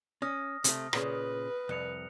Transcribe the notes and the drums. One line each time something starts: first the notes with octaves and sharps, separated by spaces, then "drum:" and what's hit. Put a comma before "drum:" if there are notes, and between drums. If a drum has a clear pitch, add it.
C#4 D#6 F6 A#6
C3 A3, drum: hi-hat
A#2 C#3 B4, drum: rim click
C2 F2 F#6 C#7 F7